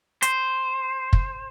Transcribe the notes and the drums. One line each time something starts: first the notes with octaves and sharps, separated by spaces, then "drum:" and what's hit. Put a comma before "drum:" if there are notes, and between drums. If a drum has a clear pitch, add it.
C5, drum: hi-hat
drum: kick